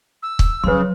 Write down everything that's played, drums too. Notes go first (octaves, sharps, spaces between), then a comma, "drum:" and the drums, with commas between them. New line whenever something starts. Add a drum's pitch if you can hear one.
E6
drum: kick
C#3 F3 F#3 B4 C6